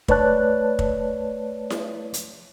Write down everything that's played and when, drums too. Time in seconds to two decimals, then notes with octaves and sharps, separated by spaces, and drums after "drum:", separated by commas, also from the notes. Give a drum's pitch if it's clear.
0.08 A3 B4 C#5 D5 A5 F#6, drum: kick
0.79 drum: kick
1.70 drum: snare E4
2.14 drum: hi-hat